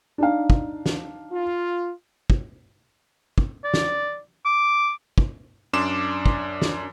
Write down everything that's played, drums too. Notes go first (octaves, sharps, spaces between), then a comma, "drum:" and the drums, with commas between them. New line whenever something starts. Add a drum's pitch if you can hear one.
D4 D#4 F5
drum: kick
drum: snare
F4
drum: kick
drum: kick
D5
drum: snare
D6
drum: kick
F#2 D4 D5 C6 D6 E7
drum: kick
drum: snare